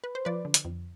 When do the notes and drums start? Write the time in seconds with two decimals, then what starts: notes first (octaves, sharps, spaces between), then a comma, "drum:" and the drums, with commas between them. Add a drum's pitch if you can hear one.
0.04 B4
0.15 C5
0.25 F3 B4 D5
0.45 D3
0.54 drum: hi-hat
0.65 F2